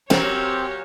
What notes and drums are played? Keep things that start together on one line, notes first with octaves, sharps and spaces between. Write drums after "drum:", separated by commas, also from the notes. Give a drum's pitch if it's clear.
A#2 F#3 C4 G4 A#4 C#5, drum: snare